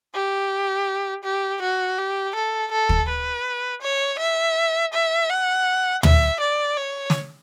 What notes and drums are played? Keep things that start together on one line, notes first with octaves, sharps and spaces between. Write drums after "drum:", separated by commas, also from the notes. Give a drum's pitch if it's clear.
G4
G4
F#4
G4
A4
A4
drum: kick
B4
C#5
E5
E5
F#5
E5, drum: tom
D5
C#5
drum: snare